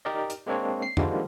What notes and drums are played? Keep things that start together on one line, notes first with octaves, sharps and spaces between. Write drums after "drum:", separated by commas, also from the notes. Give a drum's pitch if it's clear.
D#4 G4 A#4 D5 D#5
drum: hi-hat
G#3 A#3 C4 D4 C#5
C7
D3 D#3 F3 G3 G#3 A#3, drum: tom F2